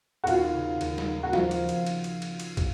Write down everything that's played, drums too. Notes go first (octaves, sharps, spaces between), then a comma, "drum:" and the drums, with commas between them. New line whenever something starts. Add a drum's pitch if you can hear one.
F#4
D#2 F4, drum: cymbal
C#3
D#2, drum: cymbal
drum: snare
D#4
F#4
F3 F4, drum: snare
drum: cymbal
drum: cymbal
drum: cymbal
drum: cymbal
drum: cymbal
drum: cymbal
drum: kick, cymbal